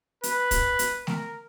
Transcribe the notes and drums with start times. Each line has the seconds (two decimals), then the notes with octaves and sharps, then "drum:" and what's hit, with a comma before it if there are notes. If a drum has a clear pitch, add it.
0.23 B4, drum: hi-hat
0.51 drum: kick, hi-hat
0.79 drum: hi-hat
1.07 A#4, drum: snare